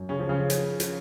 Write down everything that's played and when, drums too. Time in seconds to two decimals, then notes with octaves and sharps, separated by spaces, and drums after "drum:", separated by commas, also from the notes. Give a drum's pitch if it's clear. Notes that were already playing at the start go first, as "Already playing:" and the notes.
Already playing: F#2
0.09 C#3 C#4
0.19 F3
0.29 C#3 C#4
0.50 F3, drum: hi-hat
0.80 F3, drum: hi-hat